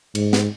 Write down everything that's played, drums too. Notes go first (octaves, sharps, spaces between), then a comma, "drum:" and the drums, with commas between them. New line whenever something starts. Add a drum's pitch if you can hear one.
G#2, drum: cymbal
drum: snare